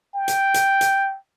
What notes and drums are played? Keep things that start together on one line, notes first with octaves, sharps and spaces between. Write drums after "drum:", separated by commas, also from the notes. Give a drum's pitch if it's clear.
G5
drum: hi-hat
drum: hi-hat
drum: hi-hat